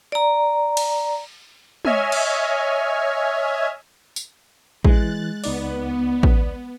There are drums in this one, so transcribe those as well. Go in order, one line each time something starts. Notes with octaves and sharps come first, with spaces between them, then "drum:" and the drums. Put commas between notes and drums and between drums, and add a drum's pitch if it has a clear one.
D5 A#5
drum: cymbal
C#5 D#5 E5 G#5 F6 G#6, drum: tom
drum: cymbal
drum: tambourine
E3 G#3 F#6 A6, drum: kick A1
C#2 B3 D#4 D5, drum: open hi-hat
drum: kick A1